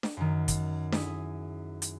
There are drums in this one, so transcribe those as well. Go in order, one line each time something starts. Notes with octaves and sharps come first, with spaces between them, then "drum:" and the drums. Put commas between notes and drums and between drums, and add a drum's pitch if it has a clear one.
drum: snare D4
F#2 D#3
drum: kick, hi-hat
E4 G#4 D#6, drum: snare D4
drum: hi-hat